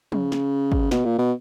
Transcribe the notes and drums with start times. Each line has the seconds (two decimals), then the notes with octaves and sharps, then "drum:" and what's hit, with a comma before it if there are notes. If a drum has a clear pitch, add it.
0.12 C#3, drum: tom F3
0.32 drum: snare
0.72 drum: kick
0.91 B2, drum: snare
1.05 A#2
1.18 B2